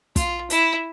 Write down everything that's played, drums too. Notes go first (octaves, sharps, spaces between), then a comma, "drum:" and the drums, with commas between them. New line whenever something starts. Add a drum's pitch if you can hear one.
F4, drum: kick, hi-hat
E4, drum: hi-hat